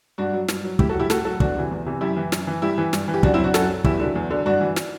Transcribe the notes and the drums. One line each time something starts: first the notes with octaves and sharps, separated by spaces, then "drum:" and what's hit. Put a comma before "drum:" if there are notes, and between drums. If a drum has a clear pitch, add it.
G2 D4 F#4
F#3
G2, drum: snare
F#3
A2 E4 G4, drum: kick
F#4 A4
F#3
E4 G4
A2 F#4 A4, drum: snare
F#3 F#4 A4
E2 D4 F#4, drum: kick
C3 E3
E2
C3 E3
F#2 E4 G4
E3
F#2, drum: snare
E3
G2 E4 G4
E3
G2, drum: snare
E3
G4
F#2 D4 F#4, drum: kick
C4 E4
F#3
D4 F#4
F#2 F#4 A4, drum: snare
F#3
E2 E4 G4, drum: kick
D3 F#3
E2
D3 F#3
G2 D4 F#4
E3
drum: snare